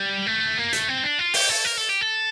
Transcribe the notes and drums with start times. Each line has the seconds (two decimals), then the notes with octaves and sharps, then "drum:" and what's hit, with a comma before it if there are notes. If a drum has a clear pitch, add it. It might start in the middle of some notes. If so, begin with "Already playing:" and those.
Already playing: G3
0.27 A3
0.58 A#3
0.73 A3, drum: hi-hat
0.89 C4
1.04 D4
1.19 F4
1.34 G4, drum: open hi-hat
1.49 A4
1.65 A#4
1.78 A4
1.89 G4
2.01 A4